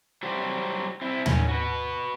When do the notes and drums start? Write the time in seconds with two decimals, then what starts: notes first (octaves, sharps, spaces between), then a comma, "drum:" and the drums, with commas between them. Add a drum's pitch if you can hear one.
0.23 F#3 G3 G4 C5
1.01 C4 E4
1.26 D#3 C#4, drum: tom
1.48 F#4 B4